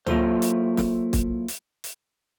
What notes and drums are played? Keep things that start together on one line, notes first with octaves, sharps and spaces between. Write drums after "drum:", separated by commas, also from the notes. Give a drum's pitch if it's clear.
F#3 A#3 E4 F4 A4 C5, drum: tom C#2
drum: hi-hat
drum: snare
drum: kick, hi-hat
drum: hi-hat
drum: hi-hat